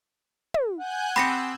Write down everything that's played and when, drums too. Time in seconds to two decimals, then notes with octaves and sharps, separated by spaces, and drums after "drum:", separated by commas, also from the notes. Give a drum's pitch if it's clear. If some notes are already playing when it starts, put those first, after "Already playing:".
0.54 drum: tom
0.79 F#5 G#5 F#6 G6
1.16 C4 G4 B5 D#6 E6 A#6 C#7